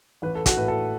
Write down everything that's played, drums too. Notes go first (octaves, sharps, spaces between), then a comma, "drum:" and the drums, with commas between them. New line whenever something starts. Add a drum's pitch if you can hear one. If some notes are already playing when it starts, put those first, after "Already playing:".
A1 B4
A4
F#4, drum: kick, hi-hat
A2 B4
A4